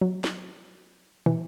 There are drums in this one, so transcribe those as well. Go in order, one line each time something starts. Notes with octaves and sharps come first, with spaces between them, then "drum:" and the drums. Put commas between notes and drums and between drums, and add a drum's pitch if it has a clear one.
F#3
drum: snare
E3, drum: tom